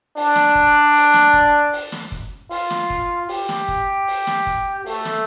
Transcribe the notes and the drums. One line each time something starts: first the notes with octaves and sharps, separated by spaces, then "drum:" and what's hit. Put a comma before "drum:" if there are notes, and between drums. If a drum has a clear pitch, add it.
D4, drum: open hi-hat
drum: snare
drum: kick, hi-hat
drum: open hi-hat
drum: snare
drum: kick, hi-hat
drum: open hi-hat
drum: snare
drum: kick, hi-hat
F4, drum: open hi-hat
drum: snare
drum: kick, hi-hat
G4, drum: open hi-hat
drum: snare
drum: kick, hi-hat
drum: open hi-hat
drum: snare
drum: kick, hi-hat
A3, drum: open hi-hat
drum: snare